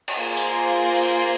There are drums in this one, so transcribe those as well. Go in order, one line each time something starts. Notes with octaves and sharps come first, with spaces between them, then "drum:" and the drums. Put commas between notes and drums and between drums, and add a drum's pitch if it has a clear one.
drum: cymbal
A#3 F4 G#4 C5
drum: tambourine
drum: open hi-hat